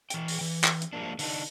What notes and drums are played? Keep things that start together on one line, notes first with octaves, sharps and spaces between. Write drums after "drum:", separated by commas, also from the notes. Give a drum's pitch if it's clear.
E3 G5, drum: hi-hat
drum: open hi-hat
E3
drum: clap
drum: hi-hat
F3 G3 G#3 A#3 D4
D3 D4 D#4, drum: open hi-hat